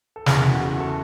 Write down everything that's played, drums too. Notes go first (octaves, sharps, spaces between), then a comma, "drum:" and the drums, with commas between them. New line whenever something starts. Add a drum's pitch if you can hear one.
A4
F#1 E2 C#3 G#4, drum: snare
F#4
F#4
A4